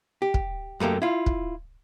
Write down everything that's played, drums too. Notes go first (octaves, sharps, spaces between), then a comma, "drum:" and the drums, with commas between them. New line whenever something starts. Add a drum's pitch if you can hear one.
G4
drum: kick
F#2 A3 A#3 G4
E4 F4
drum: kick